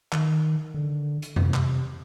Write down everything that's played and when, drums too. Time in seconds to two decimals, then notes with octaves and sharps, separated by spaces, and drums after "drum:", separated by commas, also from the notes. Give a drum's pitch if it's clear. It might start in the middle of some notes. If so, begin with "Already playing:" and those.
0.12 D#3, drum: clap
0.74 D3
1.22 drum: hi-hat
1.36 C3, drum: tom F2
1.54 drum: clap